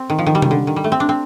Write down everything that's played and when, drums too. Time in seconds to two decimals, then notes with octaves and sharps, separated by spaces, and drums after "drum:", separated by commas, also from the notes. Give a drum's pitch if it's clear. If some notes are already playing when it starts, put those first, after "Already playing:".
Already playing: C4
0.10 D#3
0.18 F3
0.26 D#3
0.35 G3
0.42 D#3, drum: tom C3
0.51 D3
0.67 D#3
0.76 G3
0.84 A3
0.92 C4
1.00 D4
1.09 C4